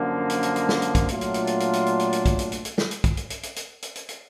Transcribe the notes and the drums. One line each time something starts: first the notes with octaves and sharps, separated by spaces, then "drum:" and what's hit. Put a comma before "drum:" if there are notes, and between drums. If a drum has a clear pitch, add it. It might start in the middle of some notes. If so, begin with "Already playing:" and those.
Already playing: F#2 D3 F3 A#3
drum: hi-hat
drum: hi-hat
drum: hi-hat
drum: snare
drum: hi-hat
drum: kick, hi-hat
A#2 F#3 A3 D4 F4, drum: hi-hat
drum: hi-hat
drum: hi-hat
drum: hi-hat
drum: hi-hat
drum: hi-hat
drum: hi-hat
drum: hi-hat
drum: hi-hat
drum: kick, hi-hat
drum: hi-hat
drum: hi-hat
drum: hi-hat
drum: snare
drum: hi-hat
drum: kick, hi-hat
drum: hi-hat
drum: hi-hat
drum: hi-hat
drum: hi-hat
drum: hi-hat
drum: hi-hat
drum: hi-hat